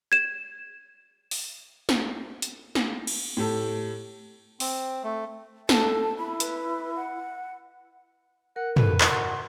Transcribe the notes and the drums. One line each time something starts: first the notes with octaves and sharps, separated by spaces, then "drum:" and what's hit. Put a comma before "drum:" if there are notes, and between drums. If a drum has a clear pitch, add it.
G#6 E7
drum: open hi-hat
drum: snare
drum: hi-hat
drum: snare
drum: cymbal
A2 G4 A4
C4, drum: open hi-hat
A3
A4 A5, drum: snare
E4 B5
B4, drum: hi-hat
F#5
A#4 F#5
A4 B4, drum: tom
F#4 C6, drum: clap